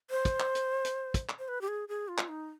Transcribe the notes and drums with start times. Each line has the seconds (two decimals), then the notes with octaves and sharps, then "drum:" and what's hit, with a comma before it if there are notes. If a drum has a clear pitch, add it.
0.11 C5
0.25 drum: kick, hi-hat
0.40 drum: clap
0.55 drum: hi-hat
0.85 drum: hi-hat
1.14 drum: kick, hi-hat
1.29 drum: clap
1.39 C5
1.48 B4
1.61 G4
1.68 G#4
1.88 G#4
2.08 F4
2.18 drum: clap
2.28 D#4